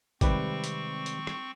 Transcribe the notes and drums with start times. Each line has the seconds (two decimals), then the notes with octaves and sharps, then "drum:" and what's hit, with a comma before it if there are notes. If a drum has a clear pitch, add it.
0.21 C3 D#3 G3 G#3 C4 B4 C#6 D6, drum: kick, hi-hat
0.64 drum: hi-hat
1.06 drum: hi-hat
1.27 drum: rim click